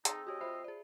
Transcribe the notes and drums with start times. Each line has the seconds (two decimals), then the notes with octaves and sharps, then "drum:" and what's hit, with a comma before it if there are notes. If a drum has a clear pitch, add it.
0.05 C4 D#4 G#4 A4, drum: hi-hat
0.27 F#4 G4 C#5 D#5
0.41 F4 C5 E5 B5 C7
0.64 G#4 D5